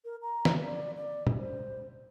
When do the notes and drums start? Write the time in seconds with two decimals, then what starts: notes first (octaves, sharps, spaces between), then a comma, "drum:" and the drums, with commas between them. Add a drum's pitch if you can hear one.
0.05 A#4
0.22 A#5
0.45 drum: snare
0.64 D5
0.95 D5
1.27 drum: tom
1.38 C5